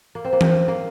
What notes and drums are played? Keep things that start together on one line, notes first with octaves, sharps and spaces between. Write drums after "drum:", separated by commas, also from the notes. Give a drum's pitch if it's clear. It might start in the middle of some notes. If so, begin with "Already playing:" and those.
A#3
C4
A#3
C4, drum: tom E3
A#3
A#3